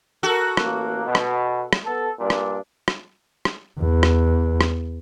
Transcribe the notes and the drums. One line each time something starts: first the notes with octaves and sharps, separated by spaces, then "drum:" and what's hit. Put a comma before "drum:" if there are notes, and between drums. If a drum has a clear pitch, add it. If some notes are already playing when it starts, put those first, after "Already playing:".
F#4 A4 A#4
A1 A#3, drum: rim click
B2
drum: rim click
drum: rim click
B3 A4
G2 A#2 D4
drum: rim click
drum: rim click
drum: rim click
E2
drum: rim click
drum: rim click